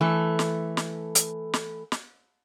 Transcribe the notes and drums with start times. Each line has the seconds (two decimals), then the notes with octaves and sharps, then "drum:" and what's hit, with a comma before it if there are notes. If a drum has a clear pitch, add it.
0.01 E3 A3 A4
0.39 drum: snare
0.77 drum: snare
1.15 drum: hi-hat
1.54 drum: snare
1.92 drum: snare